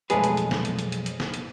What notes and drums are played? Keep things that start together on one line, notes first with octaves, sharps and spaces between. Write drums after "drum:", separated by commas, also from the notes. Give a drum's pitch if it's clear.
B1 F2 G#3 A3 G#4 B4, drum: hi-hat
drum: hi-hat
drum: hi-hat
drum: snare
drum: hi-hat
drum: hi-hat
drum: hi-hat
drum: hi-hat
drum: snare
drum: hi-hat